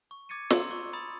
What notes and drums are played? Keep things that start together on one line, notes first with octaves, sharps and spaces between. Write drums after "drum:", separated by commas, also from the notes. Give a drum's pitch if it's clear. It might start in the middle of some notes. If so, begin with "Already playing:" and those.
C#6
D6 G#6 A6 C#7 D#7
A#5 C6 C#6 E6, drum: snare
C#6
A#5 B5 D#6 A6